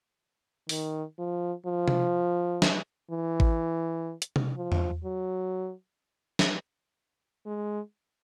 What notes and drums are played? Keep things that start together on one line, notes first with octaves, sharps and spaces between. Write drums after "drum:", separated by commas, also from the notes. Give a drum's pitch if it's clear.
D#3, drum: open hi-hat
F3
F3
drum: tom C3
drum: snare
E3
drum: kick G#1
drum: hi-hat
drum: tom C3
F3
drum: tom
F#3
drum: snare
G#3